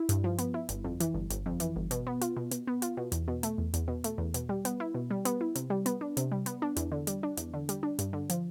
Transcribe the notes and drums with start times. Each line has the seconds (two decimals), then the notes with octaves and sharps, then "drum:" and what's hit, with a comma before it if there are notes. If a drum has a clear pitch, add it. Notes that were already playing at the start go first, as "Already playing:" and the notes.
Already playing: E4
0.09 G2, drum: hi-hat
0.24 F3
0.38 B3, drum: hi-hat
0.54 E4
0.69 G1, drum: hi-hat
0.84 F2
1.00 E3, drum: hi-hat
1.14 G1
1.30 G1, drum: hi-hat
1.46 F2
1.60 E3, drum: hi-hat
1.76 G1
1.91 B2, drum: hi-hat
2.07 B3
2.21 F4, drum: hi-hat
2.37 B2
2.51 B2, drum: hi-hat
2.67 B3
2.82 F4, drum: hi-hat
2.97 B2
3.12 E2, drum: hi-hat
3.28 B2
3.43 A3, drum: hi-hat
3.58 E2
3.74 E2, drum: hi-hat
3.88 B2
4.04 A3, drum: hi-hat
4.18 E2
4.34 B2, drum: hi-hat
4.49 G3
4.65 B3, drum: hi-hat
4.80 E4
4.95 B2
5.11 G3
5.25 B3, drum: hi-hat
5.41 E4
5.55 C3, drum: hi-hat
5.70 G3
5.86 B3, drum: hi-hat
6.01 D4
6.17 C3, drum: hi-hat
6.32 G3
6.46 B3, drum: hi-hat
6.62 D4
6.76 E2, drum: hi-hat
6.92 D3
7.07 G3, drum: hi-hat
7.23 D4
7.37 E2, drum: hi-hat
7.54 D3
7.69 G3, drum: hi-hat
7.83 D4
7.99 G2, drum: hi-hat
8.13 D3
8.30 F3, drum: hi-hat